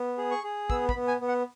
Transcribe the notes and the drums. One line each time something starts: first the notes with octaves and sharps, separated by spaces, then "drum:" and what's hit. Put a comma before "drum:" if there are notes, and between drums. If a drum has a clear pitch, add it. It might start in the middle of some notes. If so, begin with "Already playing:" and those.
Already playing: B3
G#4
C#6
G#4
B3 E6, drum: kick
B5, drum: kick
B3
G#5
B3
F#5